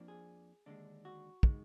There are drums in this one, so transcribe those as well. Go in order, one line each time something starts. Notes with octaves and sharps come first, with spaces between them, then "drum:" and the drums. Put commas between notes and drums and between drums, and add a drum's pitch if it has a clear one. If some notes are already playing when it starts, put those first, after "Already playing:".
Already playing: F2 F3 A#3 D4
G#4
D#2 D3 G#3 D4
F#4
D#3 G#3, drum: kick